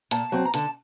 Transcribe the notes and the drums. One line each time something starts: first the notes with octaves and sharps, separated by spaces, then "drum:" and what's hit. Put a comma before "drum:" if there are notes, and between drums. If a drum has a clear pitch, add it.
A#2 A5, drum: hi-hat
F#3 C4
A#5
D3 A5, drum: hi-hat